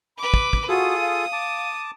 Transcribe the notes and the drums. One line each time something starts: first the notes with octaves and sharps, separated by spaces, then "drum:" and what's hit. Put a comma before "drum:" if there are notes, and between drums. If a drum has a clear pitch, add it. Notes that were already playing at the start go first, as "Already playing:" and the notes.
B4 B5 D6
drum: kick
drum: kick
F4 F#4 G#4 A4 D#6
F5
A5 D6